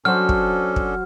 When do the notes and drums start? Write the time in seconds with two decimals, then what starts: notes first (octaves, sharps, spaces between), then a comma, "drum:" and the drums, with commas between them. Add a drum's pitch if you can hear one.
0.05 F#3 C#4 D4 F#4 A4 C5 F6
0.29 drum: kick
0.76 drum: kick